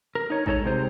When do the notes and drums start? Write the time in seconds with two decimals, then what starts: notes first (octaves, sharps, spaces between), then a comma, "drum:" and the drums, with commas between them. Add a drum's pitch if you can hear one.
0.15 A#4
0.30 D#4 C#5
0.46 G#3 D#4 A4 A#4 C#5 A#5, drum: kick A1
0.64 C2 C3 G#3 C5